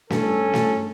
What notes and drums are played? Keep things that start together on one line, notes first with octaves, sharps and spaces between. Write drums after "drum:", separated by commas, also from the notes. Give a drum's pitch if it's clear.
G2 C#4 A4, drum: snare
drum: snare